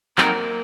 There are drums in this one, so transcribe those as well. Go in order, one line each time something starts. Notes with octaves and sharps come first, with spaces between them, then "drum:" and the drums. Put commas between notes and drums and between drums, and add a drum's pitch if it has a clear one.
F#3 A#3 C4 D#4 A#4, drum: clap